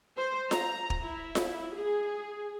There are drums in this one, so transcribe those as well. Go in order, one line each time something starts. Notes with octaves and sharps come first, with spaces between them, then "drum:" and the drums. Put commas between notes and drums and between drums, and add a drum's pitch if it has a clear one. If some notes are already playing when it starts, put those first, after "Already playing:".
C5
A#5, drum: snare F4
drum: kick
E4
drum: snare F4
G#4